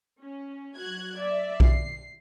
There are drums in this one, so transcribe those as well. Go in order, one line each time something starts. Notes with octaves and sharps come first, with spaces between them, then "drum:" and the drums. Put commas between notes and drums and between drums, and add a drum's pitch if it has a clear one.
C#4
F#3 F#4 F#6 G#6
D5 E5
C7, drum: kick B1